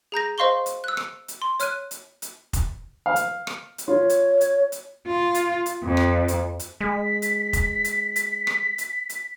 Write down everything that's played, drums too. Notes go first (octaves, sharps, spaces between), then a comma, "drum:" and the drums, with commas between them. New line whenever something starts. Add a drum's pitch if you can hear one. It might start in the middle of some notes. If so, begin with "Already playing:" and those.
G#4 A#5 G6 A#6
C5 D#5 F5 C6 C#6 G7
drum: hi-hat
E6 F#6
drum: rim click
drum: hi-hat
C6
C#5 F6 F#6 D#7, drum: hi-hat
drum: hi-hat
drum: hi-hat
drum: kick F1, hi-hat
F5
drum: hi-hat
drum: rim click
drum: hi-hat
F4 C#5
drum: hi-hat
drum: hi-hat
drum: hi-hat
F4
drum: hi-hat
drum: hi-hat
F2
drum: rim click
drum: hi-hat
drum: hi-hat
G#3 B6
drum: hi-hat
drum: kick F1, hi-hat
drum: hi-hat
drum: hi-hat
drum: rim click
drum: hi-hat
drum: hi-hat